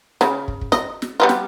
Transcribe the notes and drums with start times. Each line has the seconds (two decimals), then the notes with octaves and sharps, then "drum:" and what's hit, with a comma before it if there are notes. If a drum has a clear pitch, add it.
0.21 C#3, drum: snare
0.48 drum: kick
0.61 drum: kick
0.72 D#5, drum: snare
1.02 drum: snare
1.20 G3 B3 F4
1.29 drum: snare